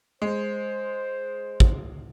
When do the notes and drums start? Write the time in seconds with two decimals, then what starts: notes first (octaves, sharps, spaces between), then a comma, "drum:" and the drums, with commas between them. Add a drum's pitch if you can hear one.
0.22 G#3 C5
1.60 drum: kick